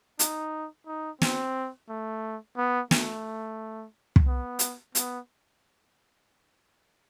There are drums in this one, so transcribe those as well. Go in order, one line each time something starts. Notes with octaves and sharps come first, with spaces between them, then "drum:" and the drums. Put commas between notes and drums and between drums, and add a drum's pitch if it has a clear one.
D#4, drum: hi-hat
D#4
C4, drum: snare
A3
B3
A3, drum: snare
drum: kick
B3
drum: hi-hat
B3, drum: hi-hat